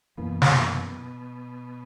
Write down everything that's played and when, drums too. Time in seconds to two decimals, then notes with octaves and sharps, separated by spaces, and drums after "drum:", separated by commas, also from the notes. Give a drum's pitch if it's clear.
0.17 F#2 B2 E3 A#3
0.42 drum: snare